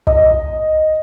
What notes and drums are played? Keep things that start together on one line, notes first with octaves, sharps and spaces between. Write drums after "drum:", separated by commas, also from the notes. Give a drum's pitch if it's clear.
D#5, drum: kick